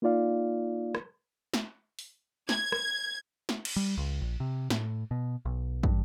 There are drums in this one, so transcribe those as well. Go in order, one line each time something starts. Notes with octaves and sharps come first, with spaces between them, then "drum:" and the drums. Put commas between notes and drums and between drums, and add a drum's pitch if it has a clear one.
A#3 D#4 F4 D5 F5
drum: rim click
drum: snare
drum: open hi-hat
G#6, drum: snare
drum: rim click
drum: snare
drum: cymbal
G3
C#2
A#1
C3
A2, drum: snare
B2
B1
G2, drum: kick